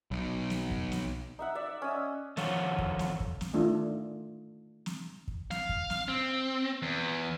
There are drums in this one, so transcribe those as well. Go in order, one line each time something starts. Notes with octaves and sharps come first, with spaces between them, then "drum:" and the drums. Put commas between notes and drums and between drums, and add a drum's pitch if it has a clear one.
B1
drum: snare
drum: kick
drum: snare
D#4 E5 F#5
D5 E5
C#4 D#5
D#3 F3 A4 C#5 F5 F#5, drum: snare
drum: kick
drum: snare
drum: kick
drum: snare
D#3 A3 D4 F4
drum: snare
drum: kick
F5, drum: snare
drum: kick
drum: snare
C4
E2